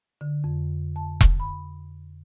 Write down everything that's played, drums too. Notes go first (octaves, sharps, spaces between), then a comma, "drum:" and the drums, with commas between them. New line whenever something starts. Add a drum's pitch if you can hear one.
D3
F2
A5
drum: kick E1
B5